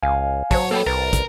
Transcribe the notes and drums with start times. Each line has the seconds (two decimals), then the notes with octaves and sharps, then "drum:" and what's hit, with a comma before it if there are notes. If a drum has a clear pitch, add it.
0.03 C#2 F5 G#5
0.51 F#3 C5 C#5 A5, drum: kick, open hi-hat
0.71 A#3 A4 B4 G5
0.86 C2 A#4 B4 A6
1.13 drum: kick, hi-hat